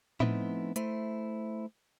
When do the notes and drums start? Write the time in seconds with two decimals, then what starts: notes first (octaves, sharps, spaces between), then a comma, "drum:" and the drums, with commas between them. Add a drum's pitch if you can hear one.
0.20 F3 A3 B3 C4 D#4 E4, drum: tom A2
0.76 A3 E4 C5, drum: hi-hat